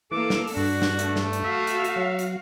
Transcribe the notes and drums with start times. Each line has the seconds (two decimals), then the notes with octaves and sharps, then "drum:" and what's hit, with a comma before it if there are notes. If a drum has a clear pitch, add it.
0.12 E3 A#3 A4 D6
0.30 drum: snare
0.47 drum: open hi-hat
0.57 G2 D4 F#4
0.82 drum: snare
0.99 A3, drum: hi-hat
1.16 drum: snare
1.33 drum: hi-hat
1.44 F#4 E5 F5
1.67 drum: hi-hat
1.84 drum: hi-hat
1.96 F#3
2.19 drum: hi-hat